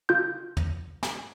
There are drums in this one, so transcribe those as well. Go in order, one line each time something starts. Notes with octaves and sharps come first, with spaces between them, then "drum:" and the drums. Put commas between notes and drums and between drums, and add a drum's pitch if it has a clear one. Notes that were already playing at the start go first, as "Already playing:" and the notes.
F4 G6
drum: tom
drum: snare